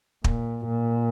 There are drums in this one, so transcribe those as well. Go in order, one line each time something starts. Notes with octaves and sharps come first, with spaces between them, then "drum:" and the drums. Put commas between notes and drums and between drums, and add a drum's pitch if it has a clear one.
A#2, drum: kick
A#2